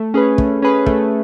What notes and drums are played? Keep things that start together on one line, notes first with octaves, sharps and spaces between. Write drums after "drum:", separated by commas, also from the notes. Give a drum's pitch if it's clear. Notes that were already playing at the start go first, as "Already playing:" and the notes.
Already playing: A3
C#4 G#4 B4
A3, drum: kick
C#4 G#4 B4
A3, drum: kick